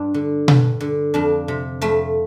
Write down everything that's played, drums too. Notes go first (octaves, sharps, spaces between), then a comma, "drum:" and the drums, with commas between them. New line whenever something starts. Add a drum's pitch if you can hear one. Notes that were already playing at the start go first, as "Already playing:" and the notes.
Already playing: G2 D4
D3
G2, drum: tom B2
D3
F2 D4
C3
F2 A3